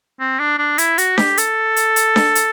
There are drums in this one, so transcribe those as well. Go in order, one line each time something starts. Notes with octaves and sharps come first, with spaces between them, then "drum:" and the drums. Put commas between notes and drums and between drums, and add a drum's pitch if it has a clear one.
C4
D4
D4
E4, drum: hi-hat
F#4, drum: hi-hat
G4, drum: snare D4
A4, drum: hi-hat
drum: hi-hat
drum: hi-hat
drum: snare D4
drum: hi-hat